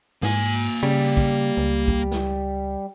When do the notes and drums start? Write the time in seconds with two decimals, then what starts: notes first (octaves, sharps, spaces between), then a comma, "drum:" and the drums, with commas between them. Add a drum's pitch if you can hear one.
0.23 G#2 A#3 G#5, drum: snare
0.83 C#3 G3
1.17 drum: kick
1.57 C#2
1.88 drum: kick
2.12 drum: snare